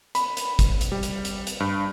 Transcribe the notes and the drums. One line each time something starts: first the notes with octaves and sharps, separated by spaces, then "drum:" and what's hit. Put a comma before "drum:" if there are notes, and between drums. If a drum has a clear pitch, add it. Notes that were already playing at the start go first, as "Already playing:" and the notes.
B5, drum: hi-hat
drum: hi-hat
drum: kick, hi-hat
drum: hi-hat
G3
drum: hi-hat
drum: hi-hat
drum: hi-hat
G2